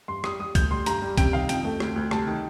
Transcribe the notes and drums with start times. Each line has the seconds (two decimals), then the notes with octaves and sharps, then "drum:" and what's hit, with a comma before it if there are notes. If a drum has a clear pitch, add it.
0.08 G2 C6
0.24 G3 D#6, drum: rim click
0.40 G3 D#6
0.55 D2 G6, drum: kick B1, hi-hat
0.71 G3 C6
0.86 G2 A#5, drum: hi-hat
1.02 G3
1.18 C3 G5, drum: kick B1, hi-hat
1.33 D#3 F5
1.49 F2 G5, drum: hi-hat
1.65 A3
1.80 D2, drum: rim click
1.96 D2
2.11 C2 A5, drum: rim click
2.27 D#3